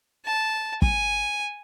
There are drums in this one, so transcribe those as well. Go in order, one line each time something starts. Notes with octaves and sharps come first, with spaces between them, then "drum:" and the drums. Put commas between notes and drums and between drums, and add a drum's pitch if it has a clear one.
A5
G#5, drum: kick